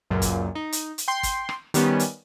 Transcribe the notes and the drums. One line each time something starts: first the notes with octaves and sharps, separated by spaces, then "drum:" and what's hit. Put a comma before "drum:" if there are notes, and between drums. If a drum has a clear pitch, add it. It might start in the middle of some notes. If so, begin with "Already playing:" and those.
C#2 F#2 A#2
drum: kick, hi-hat
D#4
drum: hi-hat
drum: hi-hat
G5 C6
drum: kick, hi-hat
drum: rim click
D#3 G3 B3 C#4, drum: hi-hat
drum: hi-hat